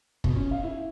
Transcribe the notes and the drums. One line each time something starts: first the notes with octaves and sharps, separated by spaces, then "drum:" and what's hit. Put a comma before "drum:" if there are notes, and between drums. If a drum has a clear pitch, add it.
B2, drum: kick
C#4
F5
E4